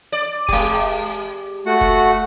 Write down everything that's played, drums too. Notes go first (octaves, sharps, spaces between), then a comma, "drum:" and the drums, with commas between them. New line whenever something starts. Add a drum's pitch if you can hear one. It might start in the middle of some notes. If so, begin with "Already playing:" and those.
D5
G#3 G4, drum: kick E1
A3 F#4 F#5
drum: kick E1